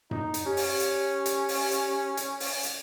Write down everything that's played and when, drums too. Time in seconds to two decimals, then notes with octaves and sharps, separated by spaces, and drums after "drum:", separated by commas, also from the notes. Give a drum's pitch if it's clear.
0.11 D#4, drum: tom F#2
0.34 drum: hi-hat
0.46 C#4 G4
0.57 drum: open hi-hat
0.80 drum: hi-hat
1.26 drum: hi-hat
1.49 drum: open hi-hat
1.71 drum: hi-hat
2.17 drum: hi-hat
2.40 drum: open hi-hat
2.63 drum: hi-hat